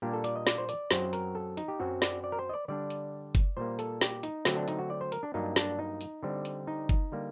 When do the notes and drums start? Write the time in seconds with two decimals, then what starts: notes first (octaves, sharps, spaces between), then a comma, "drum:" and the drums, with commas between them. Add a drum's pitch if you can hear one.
0.02 A#2 G3 A#3 D4 G4
0.13 A4
0.24 D5, drum: hi-hat
0.36 D#5
0.47 D5, drum: snare
0.58 C5
0.69 D5, drum: hi-hat
0.91 F#2 F#3 C4 C5, drum: snare
1.13 A#4, drum: hi-hat
1.35 A4
1.57 D#4, drum: hi-hat
1.68 G4
1.80 F#2 F#3 C4 F#4
2.02 D5, drum: snare
2.24 D5
2.32 A#4
2.39 C5
2.49 D#5
2.53 D5
2.68 D3 G3 D4 D5
2.90 drum: hi-hat
3.35 drum: kick F#1, hi-hat
3.57 A#2 G3 A#3 C5
3.79 A4, drum: hi-hat
4.01 G4, drum: snare
4.23 D#4, drum: hi-hat
4.45 D3 F#3 A3 C4 F#4, drum: snare
4.57 D4
4.68 D#4, drum: hi-hat
4.79 F#4
4.90 D5
5.01 C5
5.12 A#4, drum: hi-hat
5.23 D4
5.34 G2 F#3 A#3 D4 D#4
5.56 D4, drum: snare
5.79 D#4
6.01 drum: hi-hat
6.23 D3 G3 C4
6.45 drum: hi-hat
6.67 D#4
6.89 drum: kick F#1
7.12 D3 G3 A#3